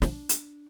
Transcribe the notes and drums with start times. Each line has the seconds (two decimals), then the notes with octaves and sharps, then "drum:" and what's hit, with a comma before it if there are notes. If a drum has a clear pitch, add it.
0.02 D4, drum: snare
0.29 drum: hi-hat